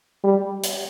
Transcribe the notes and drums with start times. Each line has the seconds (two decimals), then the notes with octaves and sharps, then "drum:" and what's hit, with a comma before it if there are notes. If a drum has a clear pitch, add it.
0.24 G3
0.63 drum: hi-hat